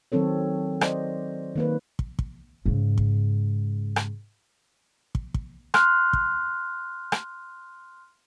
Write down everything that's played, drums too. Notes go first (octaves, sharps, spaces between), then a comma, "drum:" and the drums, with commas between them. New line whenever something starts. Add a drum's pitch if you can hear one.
D#3 F#3 C4 A4 C#5
C5 D5 D#5, drum: rim click
D#3 A#3 B4
drum: kick
drum: kick
G#2 C#3
drum: kick
drum: rim click
drum: kick
drum: kick
C6 F6 F#6, drum: rim click
drum: kick
drum: rim click